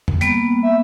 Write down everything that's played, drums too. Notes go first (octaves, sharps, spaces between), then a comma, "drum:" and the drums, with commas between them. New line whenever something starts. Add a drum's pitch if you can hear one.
drum: tom F2
G3 A#3 B3, drum: hi-hat
E5